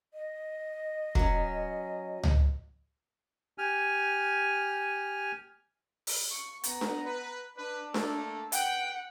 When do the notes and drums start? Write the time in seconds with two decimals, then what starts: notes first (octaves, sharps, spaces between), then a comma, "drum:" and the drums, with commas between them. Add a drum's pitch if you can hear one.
0.14 D#5
1.15 F#3 C#4, drum: kick
2.23 drum: tom C#2
3.58 G4 G#5 F6
6.07 drum: open hi-hat
6.31 C#6
6.64 B3 A#5, drum: hi-hat
6.81 drum: snare D4
7.06 B4
7.57 D4 B4
7.94 A3 A#3 A4, drum: snare D4
8.52 B4 F#5 G5, drum: hi-hat